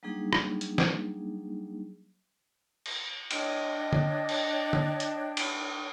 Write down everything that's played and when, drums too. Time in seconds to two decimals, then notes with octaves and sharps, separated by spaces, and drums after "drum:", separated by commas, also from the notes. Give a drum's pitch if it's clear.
0.03 F#3 G3 A#3 D4 D#4 G#4
0.33 drum: rim click
0.61 drum: hi-hat
0.78 drum: snare
2.86 drum: cymbal
3.31 D4 C#5 D#5 G5, drum: cymbal
3.93 drum: tom D3
4.29 drum: cymbal
4.73 drum: tom D3
5.00 drum: hi-hat
5.37 drum: cymbal